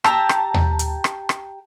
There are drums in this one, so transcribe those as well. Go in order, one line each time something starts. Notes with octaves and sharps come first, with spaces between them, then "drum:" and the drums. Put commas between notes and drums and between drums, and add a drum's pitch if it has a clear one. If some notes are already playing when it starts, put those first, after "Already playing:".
G4 A5 A#5 E6, drum: rim click
drum: rim click
drum: tom D#2
drum: hi-hat
drum: rim click
drum: rim click